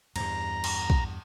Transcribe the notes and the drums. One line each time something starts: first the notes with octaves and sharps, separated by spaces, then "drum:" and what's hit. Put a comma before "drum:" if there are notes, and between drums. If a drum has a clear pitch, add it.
E2 G2 A#5, drum: cymbal
drum: cymbal
drum: kick B1